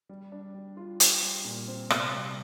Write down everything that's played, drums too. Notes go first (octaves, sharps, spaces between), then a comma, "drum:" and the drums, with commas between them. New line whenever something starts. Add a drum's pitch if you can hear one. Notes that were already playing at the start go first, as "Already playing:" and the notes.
G3
D4
G3
F4
G4, drum: hi-hat
G3
A#2
C4
C3, drum: rim click
G3